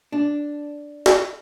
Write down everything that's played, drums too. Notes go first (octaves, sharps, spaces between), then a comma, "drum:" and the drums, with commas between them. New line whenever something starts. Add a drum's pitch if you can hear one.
D4
drum: snare